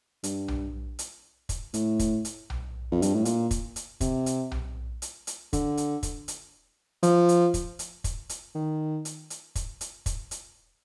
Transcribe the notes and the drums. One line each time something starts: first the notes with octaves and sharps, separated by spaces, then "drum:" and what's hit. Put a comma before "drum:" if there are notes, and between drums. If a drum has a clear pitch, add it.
G2, drum: hi-hat
drum: tom B1
drum: hi-hat
drum: kick, hi-hat
A2, drum: hi-hat
drum: kick, hi-hat
drum: hi-hat
drum: tom B1
F2
G2, drum: hi-hat
A2
A#2, drum: hi-hat
drum: kick, hi-hat
drum: hi-hat
C3, drum: kick, hi-hat
drum: hi-hat
drum: tom B1
drum: hi-hat
drum: hi-hat
D3, drum: kick, hi-hat
drum: hi-hat
drum: kick, hi-hat
drum: hi-hat
F3, drum: hi-hat
drum: hi-hat
drum: kick, hi-hat
drum: hi-hat
drum: kick, hi-hat
drum: hi-hat
D#3
drum: hi-hat
drum: hi-hat
drum: kick, hi-hat
drum: hi-hat
drum: kick, hi-hat
drum: hi-hat